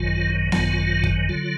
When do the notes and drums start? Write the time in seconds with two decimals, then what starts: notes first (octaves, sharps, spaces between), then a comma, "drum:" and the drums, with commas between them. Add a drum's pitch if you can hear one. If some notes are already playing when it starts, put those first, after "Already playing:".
Already playing: G#1 F#2 D#3 F#3 F4
0.52 G#1 F#2 D#3 F#3 F4, drum: snare B3
1.04 drum: kick
1.29 D3 F#3 F4